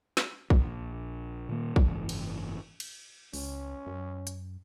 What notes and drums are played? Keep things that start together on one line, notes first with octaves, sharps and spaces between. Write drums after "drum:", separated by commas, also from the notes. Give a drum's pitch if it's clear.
drum: snare
A#1, drum: kick
A#2 D#3 A#3
F#1 G#2 E3, drum: kick
drum: cymbal
drum: cymbal
C#2 C#4, drum: open hi-hat
F#2
drum: hi-hat